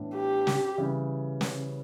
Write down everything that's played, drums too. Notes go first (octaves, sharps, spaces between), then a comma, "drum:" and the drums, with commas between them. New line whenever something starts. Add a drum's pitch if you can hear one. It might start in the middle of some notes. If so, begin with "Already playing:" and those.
Already playing: A2 E3 B3 D4
G4
drum: snare
C#3 E3 G3
drum: snare